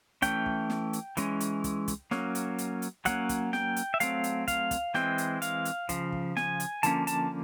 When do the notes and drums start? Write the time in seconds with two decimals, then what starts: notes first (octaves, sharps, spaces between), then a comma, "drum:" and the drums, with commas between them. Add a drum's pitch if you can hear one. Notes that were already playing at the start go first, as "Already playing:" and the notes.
0.22 E3 A3 C#4 G5, drum: kick, hi-hat
0.46 drum: kick
0.70 drum: snare
0.93 drum: hi-hat
1.17 E3 G#3 C#4, drum: hi-hat
1.40 drum: hi-hat
1.64 drum: kick, hi-hat
1.88 drum: kick, hi-hat
2.11 F#3 A#3 C#4, drum: snare
2.35 drum: hi-hat
2.58 drum: hi-hat
2.82 drum: hi-hat
3.05 F#3 A#3 C#4 F#5, drum: kick, hi-hat
3.29 drum: kick, hi-hat
3.53 G5, drum: snare
3.76 drum: hi-hat
3.94 E5
4.00 F#3 A3 C4 F5, drum: hi-hat
4.24 drum: hi-hat
4.48 F5, drum: kick, hi-hat
4.71 drum: kick, hi-hat
4.94 E3 G#3 C4 G5, drum: snare
5.18 drum: hi-hat
5.42 F5, drum: hi-hat
5.65 drum: hi-hat
5.89 C#3 F3, drum: kick, hi-hat
6.12 drum: kick
6.37 G#5, drum: snare
6.60 drum: hi-hat
6.83 D3 F3 A#3 C#4 A5, drum: hi-hat
7.07 A5, drum: hi-hat